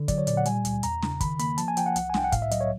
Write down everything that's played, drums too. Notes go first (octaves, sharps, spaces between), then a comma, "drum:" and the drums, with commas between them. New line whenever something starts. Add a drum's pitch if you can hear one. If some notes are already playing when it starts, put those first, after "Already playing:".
Already playing: D3
F#3 D5, drum: kick, hi-hat
C#5
A#2 D5, drum: hi-hat
F#5
G3 G#5, drum: hi-hat
C#2, drum: hi-hat
E2 A#5, drum: hi-hat
C#3, drum: snare
D#3 B5, drum: kick, hi-hat
A#3 B5, drum: hi-hat
F3 A5, drum: hi-hat
G#5
F3 G5, drum: hi-hat
F#5
C2, drum: hi-hat
G#5
C2 G5, drum: snare
F#5
A2 F5, drum: kick, hi-hat
E5
F#3 D#5, drum: hi-hat
C#5